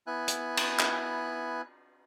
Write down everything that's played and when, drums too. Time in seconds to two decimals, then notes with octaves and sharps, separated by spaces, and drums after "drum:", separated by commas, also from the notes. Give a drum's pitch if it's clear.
0.07 B3 E4 G#5 F#6
0.28 drum: hi-hat
0.57 drum: cymbal
0.79 drum: clap